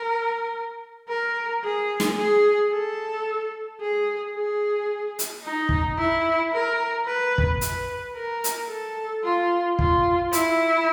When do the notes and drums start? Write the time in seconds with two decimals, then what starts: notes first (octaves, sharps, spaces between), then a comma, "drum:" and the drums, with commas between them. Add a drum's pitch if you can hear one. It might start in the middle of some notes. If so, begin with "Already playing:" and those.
Already playing: A#4
1.09 A#4
1.64 G#4
2.00 drum: snare
2.18 G#4
2.72 A4
3.81 G#4
4.35 G#4
5.19 drum: hi-hat
5.44 D#4
5.69 drum: kick
5.98 E4
6.52 A#4
7.07 B4
7.38 drum: kick
7.61 B4, drum: hi-hat
8.15 A#4
8.44 drum: hi-hat
8.70 A4
9.24 F4
9.79 F4, drum: kick
10.33 E4, drum: hi-hat